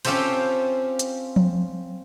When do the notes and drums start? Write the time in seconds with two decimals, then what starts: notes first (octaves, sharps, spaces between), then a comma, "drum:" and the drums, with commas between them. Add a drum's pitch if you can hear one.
0.05 C4 C#4 F4 G4 A4 C5, drum: cymbal
0.99 drum: hi-hat
1.36 drum: tom F3